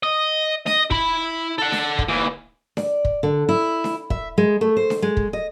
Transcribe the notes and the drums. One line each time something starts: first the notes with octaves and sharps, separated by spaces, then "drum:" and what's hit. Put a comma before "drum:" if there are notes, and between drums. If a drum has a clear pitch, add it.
D#5
D#5, drum: snare D4
E4 B5, drum: kick
A4 F#5
drum: snare D4
drum: kick
D#2 E3
D5, drum: snare D4
drum: kick
D3
E4
drum: snare D4
E5, drum: kick
G#3
A3
C5
drum: snare D4
G#3
drum: kick
D#5